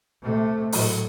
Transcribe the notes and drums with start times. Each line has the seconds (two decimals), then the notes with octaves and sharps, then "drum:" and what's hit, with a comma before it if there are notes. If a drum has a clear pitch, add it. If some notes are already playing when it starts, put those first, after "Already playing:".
0.22 C3 A3
0.72 A2 F#3, drum: open hi-hat